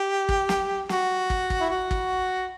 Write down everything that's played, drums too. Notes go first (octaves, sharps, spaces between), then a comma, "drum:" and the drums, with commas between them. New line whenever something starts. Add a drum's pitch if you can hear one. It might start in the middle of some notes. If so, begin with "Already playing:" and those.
Already playing: G4
drum: kick
drum: snare
F#4, drum: snare
drum: kick
drum: kick
E4
F#4
drum: kick